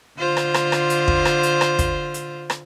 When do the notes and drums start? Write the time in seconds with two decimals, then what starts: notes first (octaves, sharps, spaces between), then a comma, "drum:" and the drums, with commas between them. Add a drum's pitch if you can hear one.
0.19 D3 F4 C5
0.37 drum: rim click
0.54 drum: rim click
0.72 drum: rim click
0.90 drum: hi-hat
1.08 drum: kick
1.25 drum: rim click
1.43 drum: hi-hat
1.61 drum: rim click
1.79 drum: kick, hi-hat
2.14 drum: hi-hat
2.50 drum: rim click